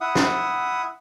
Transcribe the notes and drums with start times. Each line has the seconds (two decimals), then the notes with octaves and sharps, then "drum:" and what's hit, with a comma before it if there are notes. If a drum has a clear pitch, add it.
0.01 E4 E5 F#5 D#6
0.15 drum: snare